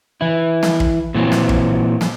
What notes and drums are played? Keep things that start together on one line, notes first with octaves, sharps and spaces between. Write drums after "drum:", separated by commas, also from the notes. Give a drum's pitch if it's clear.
E3 E4
drum: snare
drum: kick
A#2 E3 F#3 C4
drum: snare
drum: kick
drum: snare